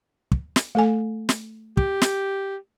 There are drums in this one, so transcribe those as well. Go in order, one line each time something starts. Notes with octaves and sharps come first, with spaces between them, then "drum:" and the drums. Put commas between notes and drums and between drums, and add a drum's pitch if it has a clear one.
drum: kick
drum: snare
A3 A4 G#5
drum: snare
G4, drum: kick
drum: snare